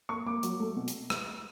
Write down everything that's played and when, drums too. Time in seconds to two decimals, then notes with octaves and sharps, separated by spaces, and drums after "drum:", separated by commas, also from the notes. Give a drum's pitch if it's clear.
0.09 A#3 C#6
0.26 A#3 D6
0.43 F#3, drum: hi-hat
0.60 A3
0.77 B2
0.88 drum: hi-hat
1.10 drum: rim click